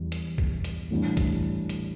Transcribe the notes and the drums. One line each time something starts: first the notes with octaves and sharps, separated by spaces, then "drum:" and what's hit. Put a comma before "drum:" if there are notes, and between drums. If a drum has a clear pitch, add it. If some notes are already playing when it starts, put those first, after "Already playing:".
Already playing: E2 E3 G3
drum: hi-hat
drum: kick
drum: hi-hat
A2 E3 G3 D4
drum: kick, hi-hat
drum: hi-hat